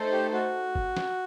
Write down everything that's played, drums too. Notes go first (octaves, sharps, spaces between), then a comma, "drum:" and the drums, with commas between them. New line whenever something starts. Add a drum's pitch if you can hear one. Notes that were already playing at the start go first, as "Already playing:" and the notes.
Already playing: A3 D#4 A4 C5
G4
F#4
drum: kick
drum: snare